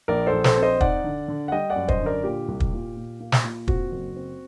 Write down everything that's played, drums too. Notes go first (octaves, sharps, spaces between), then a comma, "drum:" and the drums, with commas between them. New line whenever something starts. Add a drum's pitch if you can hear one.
A#1 A#4 D5
A4 C5
A#1
A4 C5, drum: snare
C4
C5 D#5
D#4 D5 F#5, drum: kick
D3
D3
F#5
G3 D#5 G5
D5 F#5
F#2
C5 D#5, drum: kick
D3
A#4 D5
A#2 G4
C2
drum: kick
A#2
A#2
A#3
drum: snare
A#2
C4 F#4, drum: kick
F#1
C4